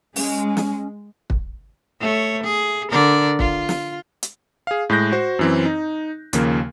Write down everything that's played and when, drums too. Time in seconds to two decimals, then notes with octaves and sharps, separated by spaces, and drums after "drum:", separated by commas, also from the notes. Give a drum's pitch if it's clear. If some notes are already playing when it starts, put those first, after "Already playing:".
0.16 G#3 C#4, drum: open hi-hat
0.57 drum: snare
1.30 drum: kick
2.01 A3 C#5
2.44 G#4
2.91 D3 A#4 D5
3.39 F4, drum: kick
3.69 drum: snare
4.23 drum: hi-hat
4.67 G#4 F5
4.90 A2 G#3 F#6 G6 A#6
5.12 F#4 C5
5.39 F#2 E3 C4
5.65 D#4
6.33 D#2 C#3 F3 A#3, drum: hi-hat